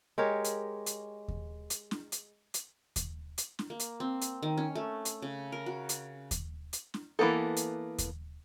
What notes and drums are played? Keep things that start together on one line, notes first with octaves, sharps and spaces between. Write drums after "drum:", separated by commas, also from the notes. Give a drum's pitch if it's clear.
G#3 G4 A#4 C#5
drum: hi-hat
drum: hi-hat
drum: kick D#2
drum: hi-hat
drum: snare
drum: hi-hat
drum: hi-hat
drum: kick D#2, hi-hat
drum: hi-hat
drum: snare
A#3
drum: hi-hat
C4
drum: hi-hat
D#3
C#4
A3
drum: hi-hat
C#3
A#4
F#4
drum: hi-hat
drum: kick D#2, hi-hat
drum: hi-hat
drum: snare
E3 A#3 B3 A4
drum: hi-hat
drum: kick D#2, hi-hat